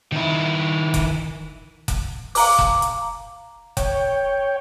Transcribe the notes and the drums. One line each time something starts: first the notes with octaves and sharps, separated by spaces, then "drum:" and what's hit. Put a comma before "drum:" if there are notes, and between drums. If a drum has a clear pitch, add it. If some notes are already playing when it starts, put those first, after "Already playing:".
D#3 E4
drum: kick F1, hi-hat
drum: kick F1, hi-hat
F5 A#5 D6, drum: open hi-hat
drum: kick F1
drum: hi-hat
C#5 G5, drum: kick F1, hi-hat